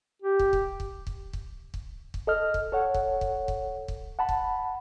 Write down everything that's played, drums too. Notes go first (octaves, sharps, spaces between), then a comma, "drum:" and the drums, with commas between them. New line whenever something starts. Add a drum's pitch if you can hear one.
G4
drum: kick
drum: kick
drum: kick
drum: kick
drum: kick
drum: kick
drum: kick
A4 D#5 F6
drum: kick
A4 C#5 F#5
drum: kick
drum: kick
drum: kick
drum: kick
F#5 A5 B5
drum: kick